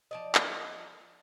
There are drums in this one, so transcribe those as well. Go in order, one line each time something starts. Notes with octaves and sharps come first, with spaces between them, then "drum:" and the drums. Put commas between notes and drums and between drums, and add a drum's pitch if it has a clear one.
F3 D5 D#5
drum: clap